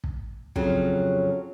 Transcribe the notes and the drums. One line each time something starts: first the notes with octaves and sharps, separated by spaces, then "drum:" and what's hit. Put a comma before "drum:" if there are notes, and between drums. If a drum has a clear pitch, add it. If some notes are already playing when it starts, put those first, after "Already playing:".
drum: kick
F2 C#3 F#3, drum: kick